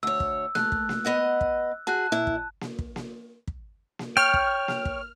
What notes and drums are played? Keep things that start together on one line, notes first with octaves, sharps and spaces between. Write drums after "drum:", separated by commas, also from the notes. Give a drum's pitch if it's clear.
D2 C#5 E6
drum: kick
A3 F#6, drum: snare A#3
drum: kick
drum: snare A#3
B3 D#5 F#5
drum: kick
F#4 G#4 A5 F#6
A#2 E4
drum: kick
drum: snare A#3
drum: kick
drum: snare A#3
drum: kick
drum: snare A#3
C#5 G5 F6
drum: kick
drum: snare A#3
drum: kick